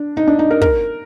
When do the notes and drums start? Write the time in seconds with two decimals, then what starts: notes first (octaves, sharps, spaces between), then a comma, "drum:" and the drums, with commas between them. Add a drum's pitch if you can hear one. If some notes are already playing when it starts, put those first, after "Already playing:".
Already playing: D4
0.17 D#4
0.27 D4
0.39 D#4
0.51 A#4
0.61 A#4, drum: kick